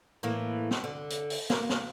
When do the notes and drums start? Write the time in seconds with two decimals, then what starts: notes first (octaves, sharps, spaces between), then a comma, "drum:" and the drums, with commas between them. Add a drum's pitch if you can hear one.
0.23 A2 E3 A#3
0.71 drum: snare
0.84 D3
1.10 drum: hi-hat
1.30 drum: open hi-hat
1.50 A#3, drum: snare
1.70 drum: snare